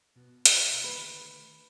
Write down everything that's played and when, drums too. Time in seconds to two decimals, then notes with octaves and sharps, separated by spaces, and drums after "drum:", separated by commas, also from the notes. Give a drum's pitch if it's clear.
0.16 B2 B3 F#4
0.45 drum: hi-hat
0.84 D3 D#3 A3 B4